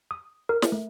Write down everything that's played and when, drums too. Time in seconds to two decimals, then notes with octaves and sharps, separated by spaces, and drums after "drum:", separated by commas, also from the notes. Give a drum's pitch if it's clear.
0.11 D#6
0.49 A#4
0.62 drum: snare
0.72 A3